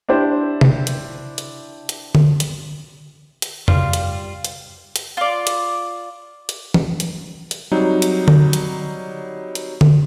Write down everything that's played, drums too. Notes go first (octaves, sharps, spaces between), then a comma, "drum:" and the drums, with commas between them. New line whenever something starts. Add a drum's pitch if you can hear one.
D4 E4 G4 C5
drum: tom C3
drum: hi-hat
drum: hi-hat
drum: hi-hat
drum: tom D3
drum: hi-hat
drum: hi-hat
G3 F4, drum: tom F2
drum: hi-hat
drum: hi-hat
drum: hi-hat
F4 D5
drum: hi-hat
drum: hi-hat
drum: tom E3
drum: hi-hat
drum: hi-hat
F#3 G3 C4 D#4
drum: hi-hat
drum: tom D3
drum: hi-hat
drum: hi-hat
drum: tom D3